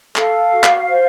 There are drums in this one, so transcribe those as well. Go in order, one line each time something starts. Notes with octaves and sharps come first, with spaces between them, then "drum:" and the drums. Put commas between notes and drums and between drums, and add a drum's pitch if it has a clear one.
A4 F5, drum: clap
F#4
drum: clap
C5